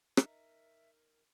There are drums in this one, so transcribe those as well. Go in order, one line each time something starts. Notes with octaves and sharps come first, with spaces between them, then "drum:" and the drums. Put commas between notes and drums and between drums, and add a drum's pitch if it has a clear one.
D#4 A#4 E5, drum: rim click